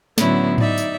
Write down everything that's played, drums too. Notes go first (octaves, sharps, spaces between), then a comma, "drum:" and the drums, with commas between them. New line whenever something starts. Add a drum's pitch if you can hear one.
A2 D3 F#3 B3 C#4 E4, drum: snare
D#4 D5 E5, drum: tom G#2
drum: tambourine